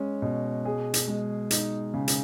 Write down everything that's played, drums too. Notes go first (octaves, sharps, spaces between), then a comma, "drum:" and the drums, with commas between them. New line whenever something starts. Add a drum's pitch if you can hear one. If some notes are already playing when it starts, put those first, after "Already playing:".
Already playing: G#3 C#4
B2
G#4
drum: hi-hat
G#3
D#4, drum: hi-hat
C#3
drum: hi-hat